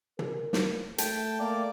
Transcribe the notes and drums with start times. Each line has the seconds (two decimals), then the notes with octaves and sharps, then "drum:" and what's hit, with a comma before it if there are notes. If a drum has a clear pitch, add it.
0.19 A#4, drum: tom
0.53 drum: snare
0.98 A3 G5 A5, drum: hi-hat
1.39 A#3 D5